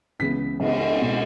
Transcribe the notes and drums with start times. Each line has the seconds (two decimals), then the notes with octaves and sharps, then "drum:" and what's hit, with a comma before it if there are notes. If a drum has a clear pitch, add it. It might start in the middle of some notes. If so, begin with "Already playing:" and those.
0.19 C#2 C#3 E3 G#3 B3 B6
0.59 C#2 C#3 G#3 B3, drum: cymbal
0.99 B2 G#3 B3